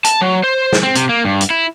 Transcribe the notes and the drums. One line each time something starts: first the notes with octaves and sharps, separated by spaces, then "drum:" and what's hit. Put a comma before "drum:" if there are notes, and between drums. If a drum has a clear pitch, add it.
A5, drum: hi-hat
F#3
C5
drum: snare
C4
C3, drum: hi-hat
A#3
G2
drum: hi-hat
E4